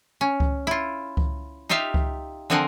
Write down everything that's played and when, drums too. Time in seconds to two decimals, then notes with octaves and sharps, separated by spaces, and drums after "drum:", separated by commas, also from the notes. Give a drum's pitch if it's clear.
0.21 C#4
0.40 drum: kick C#2
0.67 E4 F4
1.17 drum: kick C#2
1.69 D#4 F4 G4 E5 F5
1.94 drum: kick C#2
2.50 D3 F3 C4 A#4 F#5 G#5